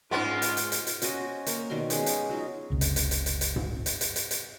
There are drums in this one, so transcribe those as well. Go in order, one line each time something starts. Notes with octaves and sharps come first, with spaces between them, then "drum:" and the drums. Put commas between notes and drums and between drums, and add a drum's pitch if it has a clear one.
G#2 G#3 B3 C#4 F4 A#4 D5
drum: hi-hat
drum: hi-hat
drum: hi-hat
drum: hi-hat
C#4 F#4 C5 D#5, drum: hi-hat
A#3, drum: hi-hat
B2 D#3 G3 C6
G#3 B3 C#4 G#4, drum: hi-hat
drum: hi-hat
F#3 D#4 F4
F#1 C#2 C3
drum: hi-hat
drum: hi-hat
drum: hi-hat
drum: hi-hat
drum: hi-hat
drum: tom G#2
drum: hi-hat
drum: hi-hat
drum: hi-hat
drum: hi-hat